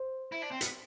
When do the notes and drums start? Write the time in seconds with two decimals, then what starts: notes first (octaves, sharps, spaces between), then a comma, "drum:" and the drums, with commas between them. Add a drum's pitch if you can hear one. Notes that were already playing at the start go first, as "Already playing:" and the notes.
Already playing: C5
0.32 E4
0.42 D4
0.51 C4
0.61 B3, drum: hi-hat